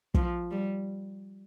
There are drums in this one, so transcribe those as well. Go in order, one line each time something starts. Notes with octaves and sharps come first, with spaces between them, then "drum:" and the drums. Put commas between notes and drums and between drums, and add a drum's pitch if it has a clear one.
F3, drum: kick
G3